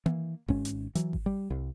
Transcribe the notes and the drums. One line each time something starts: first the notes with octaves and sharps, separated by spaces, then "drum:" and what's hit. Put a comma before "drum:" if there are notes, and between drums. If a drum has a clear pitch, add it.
E3, drum: tom A#3
G#1 G#2 C#4, drum: kick G#1
drum: hi-hat
E3 F#3, drum: hi-hat
drum: kick G#1
G3
C2